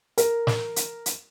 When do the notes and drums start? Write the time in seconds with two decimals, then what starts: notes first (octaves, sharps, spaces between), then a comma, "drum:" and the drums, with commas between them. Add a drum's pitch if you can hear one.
0.18 A#4, drum: hi-hat
0.47 drum: snare
0.76 drum: hi-hat
1.06 drum: hi-hat